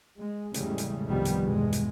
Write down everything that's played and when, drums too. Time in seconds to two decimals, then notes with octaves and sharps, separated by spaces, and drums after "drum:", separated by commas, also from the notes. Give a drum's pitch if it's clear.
0.18 G#3
0.54 E2 A2 C#3 G3 G#3, drum: hi-hat
0.78 drum: hi-hat
1.05 C2 G2 D#3 F3 G3 B3
1.25 drum: hi-hat
1.44 E2 G2 B2 G#3
1.73 drum: hi-hat